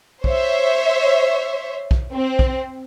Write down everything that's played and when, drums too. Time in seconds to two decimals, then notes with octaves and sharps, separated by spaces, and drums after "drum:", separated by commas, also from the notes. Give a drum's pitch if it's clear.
0.24 C5 C#5 E5, drum: kick B1
1.91 drum: kick B1
2.13 C4
2.39 drum: kick B1